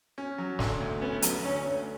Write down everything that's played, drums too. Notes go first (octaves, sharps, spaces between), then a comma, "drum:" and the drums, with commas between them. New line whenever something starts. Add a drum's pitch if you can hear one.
C#4
F#3
D3, drum: snare
D2
B3 C#4
F#3, drum: hi-hat
D3 C#4
D2